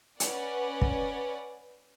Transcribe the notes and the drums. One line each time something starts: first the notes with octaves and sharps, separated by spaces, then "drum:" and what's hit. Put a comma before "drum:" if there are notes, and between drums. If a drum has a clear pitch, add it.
C#4 B4 D5 F#5, drum: hi-hat
drum: kick